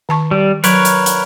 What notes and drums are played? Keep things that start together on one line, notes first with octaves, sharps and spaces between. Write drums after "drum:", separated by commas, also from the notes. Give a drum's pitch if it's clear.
D#3 A5 C#6
G3
F#3 A#4 B4 C#5, drum: hi-hat
drum: hi-hat
drum: hi-hat